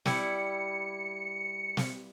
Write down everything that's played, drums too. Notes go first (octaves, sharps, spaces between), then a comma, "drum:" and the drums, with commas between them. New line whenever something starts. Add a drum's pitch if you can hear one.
G3 E4 C#7, drum: snare
drum: snare